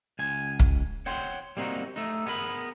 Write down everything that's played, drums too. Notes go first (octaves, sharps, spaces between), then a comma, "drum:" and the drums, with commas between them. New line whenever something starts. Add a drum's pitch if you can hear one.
C#2 G#5
drum: kick
C#5 F#5 G5 C6
G3 A#3 C4 C#4 D#4 F#4
A3 D#4
B3 G#4 A#4 B5